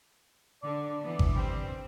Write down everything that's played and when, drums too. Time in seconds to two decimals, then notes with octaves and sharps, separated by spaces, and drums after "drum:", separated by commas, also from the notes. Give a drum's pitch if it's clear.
0.63 D3 D5
1.03 E3 B3
1.19 drum: kick G#1
1.35 G3 C4